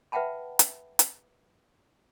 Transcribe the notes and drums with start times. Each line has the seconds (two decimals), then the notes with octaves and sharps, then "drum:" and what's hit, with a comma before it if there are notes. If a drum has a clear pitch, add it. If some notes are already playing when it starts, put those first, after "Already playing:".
0.12 B4 E5 F#5 G5 A5 B5
0.59 drum: hi-hat
0.99 drum: hi-hat